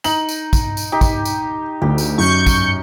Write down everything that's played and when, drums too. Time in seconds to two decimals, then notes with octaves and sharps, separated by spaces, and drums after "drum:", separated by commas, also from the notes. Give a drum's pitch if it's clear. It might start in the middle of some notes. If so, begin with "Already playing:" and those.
0.04 D#4 F#7, drum: tambourine
0.29 drum: tambourine
0.53 drum: kick, tambourine
0.77 drum: tambourine
0.92 D#4 G4
1.01 drum: kick, tambourine
1.25 drum: tambourine
1.82 D2 G4
1.98 drum: tambourine
2.18 F#2 C#6 G6 C#7
2.47 drum: kick, tambourine